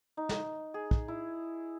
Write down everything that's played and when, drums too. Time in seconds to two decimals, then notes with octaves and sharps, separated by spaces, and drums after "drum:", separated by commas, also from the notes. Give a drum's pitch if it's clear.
0.17 D#4
0.29 drum: snare
0.74 G#4
0.91 drum: kick
1.08 E4